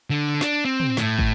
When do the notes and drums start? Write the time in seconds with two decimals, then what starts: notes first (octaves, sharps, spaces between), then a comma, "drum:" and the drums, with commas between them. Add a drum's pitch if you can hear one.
0.10 D3
0.41 D4, drum: snare
0.65 C4
0.80 drum: tom
0.97 A2, drum: snare
1.19 drum: kick